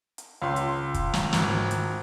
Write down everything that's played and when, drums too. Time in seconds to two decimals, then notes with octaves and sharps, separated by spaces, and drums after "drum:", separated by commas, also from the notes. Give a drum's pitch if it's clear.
0.18 drum: hi-hat
0.42 C#2 C6
0.56 drum: hi-hat
0.94 drum: kick, hi-hat
1.14 drum: snare
1.33 G#1, drum: snare
1.71 drum: hi-hat